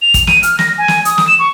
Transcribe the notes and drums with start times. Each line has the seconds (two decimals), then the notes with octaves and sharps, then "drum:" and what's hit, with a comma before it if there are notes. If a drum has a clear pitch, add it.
0.02 F7
0.14 drum: kick, hi-hat
0.27 D#7, drum: snare
0.43 F6, drum: hi-hat
0.59 A#6, drum: snare
0.78 G#5
0.88 drum: snare
1.05 D#6, drum: hi-hat
1.18 drum: snare
1.27 E7
1.39 C#6